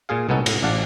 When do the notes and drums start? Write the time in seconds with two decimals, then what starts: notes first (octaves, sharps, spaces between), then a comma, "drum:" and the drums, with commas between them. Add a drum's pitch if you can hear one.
0.09 A#2 F4 G#4 F5
0.29 C2 B2 B3 C#4 D#4 A4
0.46 A2, drum: cymbal
0.63 A1 D5 F5 F#5 A5